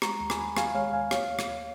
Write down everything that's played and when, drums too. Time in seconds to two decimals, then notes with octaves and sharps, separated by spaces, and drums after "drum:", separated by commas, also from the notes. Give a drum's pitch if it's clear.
0.02 G#3 A#5 C#6, drum: rim click
0.21 D#2
0.30 G#5 B5, drum: rim click
0.39 D#2
0.57 D#3 F5 G#5, drum: rim click
0.75 G#3 C#5 F5
0.93 D#2 F5 G#5
1.11 A#3 C#5 F5, drum: rim click
1.29 D#2
1.39 drum: rim click
1.48 D#2